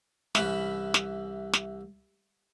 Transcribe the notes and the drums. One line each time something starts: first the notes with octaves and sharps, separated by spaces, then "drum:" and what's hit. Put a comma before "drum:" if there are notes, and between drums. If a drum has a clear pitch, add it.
C2 E3 C#4 B4 E5 B5, drum: snare
drum: snare
drum: snare